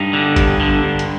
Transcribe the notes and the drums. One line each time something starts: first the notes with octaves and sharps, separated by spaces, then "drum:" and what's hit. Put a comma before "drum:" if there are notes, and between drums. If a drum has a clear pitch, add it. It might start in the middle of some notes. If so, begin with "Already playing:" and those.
Already playing: G2 D#4
D3
G2, drum: kick G#1, hi-hat
D3
G2
drum: hi-hat